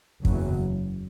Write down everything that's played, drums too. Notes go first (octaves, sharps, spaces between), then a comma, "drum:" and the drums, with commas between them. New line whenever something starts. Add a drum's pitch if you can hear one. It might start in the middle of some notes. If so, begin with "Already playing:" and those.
F#1 E2 C#3 F#3, drum: kick